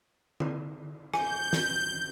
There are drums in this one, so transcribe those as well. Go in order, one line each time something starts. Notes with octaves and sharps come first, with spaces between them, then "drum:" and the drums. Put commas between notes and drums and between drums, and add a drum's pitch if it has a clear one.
drum: tom D3
G#5 G6, drum: rim click
drum: snare